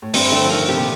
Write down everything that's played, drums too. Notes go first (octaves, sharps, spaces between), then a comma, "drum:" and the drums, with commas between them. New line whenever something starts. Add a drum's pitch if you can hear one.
A2
G2 C4, drum: open hi-hat
D3 A3
F3
D#3 A#4
C3 G4
A#2